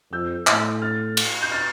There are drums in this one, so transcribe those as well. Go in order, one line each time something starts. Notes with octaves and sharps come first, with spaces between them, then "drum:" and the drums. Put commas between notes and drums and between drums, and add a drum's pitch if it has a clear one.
F2 E6 G6
A2, drum: clap
F6 A6
drum: cymbal
G6
F6 A6